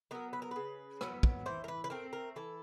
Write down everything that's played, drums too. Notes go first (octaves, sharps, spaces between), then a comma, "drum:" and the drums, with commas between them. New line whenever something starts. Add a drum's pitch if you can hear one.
F#3 B3 A#4
B4
A#4
C#3 B4
F#3 B3, drum: rim click
drum: kick
E3 C5
A#4
B4
B4
A3 C4 A#4
A#4
E3 A4